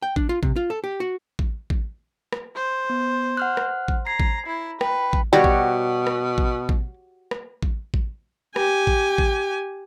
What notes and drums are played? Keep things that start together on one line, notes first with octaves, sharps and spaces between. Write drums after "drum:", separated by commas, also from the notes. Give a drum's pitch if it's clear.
G5
D4, drum: kick A1
F4
C3, drum: kick A1
F4
A4
G4
F#4
drum: kick A1
drum: kick A1
drum: rim click
C5
B3
F#5 F6 F#6
drum: rim click
drum: kick A1
A#5 G#6 C7
drum: kick A1
E4
B4 G5, drum: rim click
drum: kick A1
B2 G3 F#4 G4 C#5
drum: kick A1
drum: rim click
drum: kick A1
drum: kick A1
drum: rim click
drum: kick A1
drum: kick A1
G4 G#5, drum: rim click
drum: kick A1
drum: kick A1